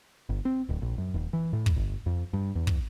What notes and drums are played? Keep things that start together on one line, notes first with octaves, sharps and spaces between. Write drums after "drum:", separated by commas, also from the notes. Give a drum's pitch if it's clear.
G1
C4
D1
A#1
F#2
D#1
E3
A2
drum: kick
G1
F2
G2
E2
drum: kick